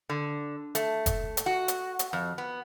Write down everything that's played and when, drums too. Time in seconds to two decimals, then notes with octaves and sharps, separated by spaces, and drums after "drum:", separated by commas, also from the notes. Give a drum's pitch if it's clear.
0.09 D3
0.75 A3, drum: hi-hat
1.06 drum: kick, hi-hat
1.37 drum: hi-hat
1.46 F#4
1.68 drum: hi-hat
1.99 drum: hi-hat
2.13 F2
2.38 B3